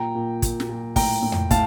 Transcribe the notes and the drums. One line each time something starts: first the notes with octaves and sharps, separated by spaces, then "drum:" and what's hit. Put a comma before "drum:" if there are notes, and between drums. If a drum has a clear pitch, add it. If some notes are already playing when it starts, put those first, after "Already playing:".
Already playing: A#2 G5 A#5
A#2
A#2, drum: kick, hi-hat
drum: snare
A#2
A2 G5 A#5, drum: kick, open hi-hat
A2
drum: tom E2
A2 F5 A5, drum: kick, hi-hat